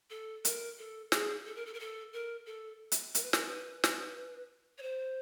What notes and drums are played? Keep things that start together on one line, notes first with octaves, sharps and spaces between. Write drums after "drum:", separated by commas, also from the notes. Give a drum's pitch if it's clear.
A4
A#4, drum: hi-hat
A4
G#4, drum: snare
A4
A#4
A4
A#4
A4
A#4
A4
drum: hi-hat
A#4, drum: hi-hat
B4
A#4, drum: snare
B4
drum: snare
C#5
C5